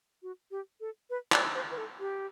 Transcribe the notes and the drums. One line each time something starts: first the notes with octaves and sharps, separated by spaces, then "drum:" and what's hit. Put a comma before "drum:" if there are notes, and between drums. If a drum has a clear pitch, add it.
F#4
G4
A4
B4
D5, drum: clap
C5
B4
A4
G4